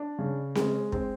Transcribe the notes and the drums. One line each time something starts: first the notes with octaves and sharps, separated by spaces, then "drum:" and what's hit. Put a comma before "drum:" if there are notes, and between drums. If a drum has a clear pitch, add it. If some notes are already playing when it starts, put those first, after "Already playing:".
Already playing: D4
C#3
G#3, drum: snare C4
C4, drum: kick